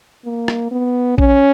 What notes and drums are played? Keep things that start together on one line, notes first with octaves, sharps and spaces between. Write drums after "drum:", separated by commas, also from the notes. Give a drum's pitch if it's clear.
A#3
drum: rim click
B3
C#4, drum: kick A#1